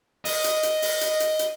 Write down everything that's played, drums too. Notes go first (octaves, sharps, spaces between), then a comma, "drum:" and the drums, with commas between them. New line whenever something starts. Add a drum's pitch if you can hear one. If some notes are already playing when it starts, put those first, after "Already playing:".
D#5, drum: open hi-hat
drum: hi-hat
drum: hi-hat
drum: open hi-hat
drum: hi-hat
drum: hi-hat
drum: hi-hat